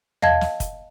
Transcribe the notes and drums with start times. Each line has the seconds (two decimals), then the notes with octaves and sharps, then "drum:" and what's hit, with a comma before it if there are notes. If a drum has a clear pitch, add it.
0.22 D#5 F5 A5 G#6, drum: tom
0.41 drum: snare
0.60 drum: kick, hi-hat